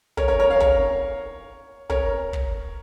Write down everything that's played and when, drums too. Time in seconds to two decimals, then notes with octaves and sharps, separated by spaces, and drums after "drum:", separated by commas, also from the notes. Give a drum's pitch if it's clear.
0.17 A#4 C#5, drum: kick
0.28 A#4 C#5
0.40 A#4 C#5
0.50 C#5 F5
0.60 A#4 C#5, drum: kick
1.90 A#4 C#5, drum: kick
2.33 drum: kick